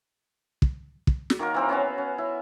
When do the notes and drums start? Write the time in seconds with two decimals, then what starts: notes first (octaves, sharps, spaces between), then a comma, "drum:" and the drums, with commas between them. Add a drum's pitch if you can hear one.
0.62 drum: kick
1.07 drum: kick
1.30 drum: snare
1.39 D#3 A#3 F#4 A#4
1.54 E3 C4 A#4
1.69 B3 C#4 F#4 F5
1.98 C#4
2.18 E4